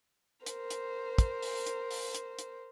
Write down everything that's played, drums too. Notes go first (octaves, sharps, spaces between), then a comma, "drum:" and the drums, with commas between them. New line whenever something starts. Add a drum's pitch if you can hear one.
A#4 C5, drum: hi-hat
drum: hi-hat
drum: kick, hi-hat
drum: open hi-hat
drum: hi-hat
drum: open hi-hat
drum: hi-hat
drum: hi-hat